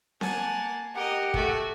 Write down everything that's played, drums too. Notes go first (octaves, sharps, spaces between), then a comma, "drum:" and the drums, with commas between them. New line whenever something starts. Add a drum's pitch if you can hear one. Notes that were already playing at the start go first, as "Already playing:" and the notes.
A#3 F#5 G#5 A5, drum: snare C4
G4 A#4 D#5 F#5
A3 F#4, drum: kick